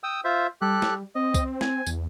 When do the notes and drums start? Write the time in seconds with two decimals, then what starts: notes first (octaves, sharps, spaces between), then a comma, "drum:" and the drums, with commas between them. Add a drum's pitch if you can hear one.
0.03 G5 D#6 E6
0.24 F4 C5 E5
0.62 G3 G4 A4 F#6
0.82 drum: snare
1.15 C4 D#5
1.34 drum: kick C2, tambourine
1.61 G#5, drum: snare
1.87 E2, drum: tambourine